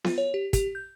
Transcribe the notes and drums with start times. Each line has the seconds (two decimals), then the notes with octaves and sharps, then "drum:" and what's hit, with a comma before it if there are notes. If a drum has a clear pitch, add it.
0.04 F4, drum: snare B3
0.18 C#5
0.34 G4
0.53 G4, drum: kick, hi-hat
0.75 G6